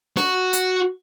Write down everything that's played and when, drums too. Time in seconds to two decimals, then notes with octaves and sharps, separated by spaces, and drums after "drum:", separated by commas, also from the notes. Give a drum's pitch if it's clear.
0.17 F#4, drum: snare
0.53 drum: hi-hat